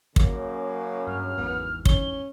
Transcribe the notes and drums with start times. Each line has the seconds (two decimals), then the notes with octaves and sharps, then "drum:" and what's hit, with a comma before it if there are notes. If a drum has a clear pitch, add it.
0.16 F#2 C#3 A#3, drum: kick
1.07 G2 F6
1.38 G#1 E2 G#2 B3
1.85 C#4 G7, drum: kick